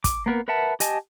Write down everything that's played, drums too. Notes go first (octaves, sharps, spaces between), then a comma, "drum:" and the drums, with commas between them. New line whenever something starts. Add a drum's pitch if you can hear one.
D6, drum: kick, hi-hat
A#3 B3 A#4
A#4 B4 E5 F#5 A5
G4 D#5 G#5 A5, drum: hi-hat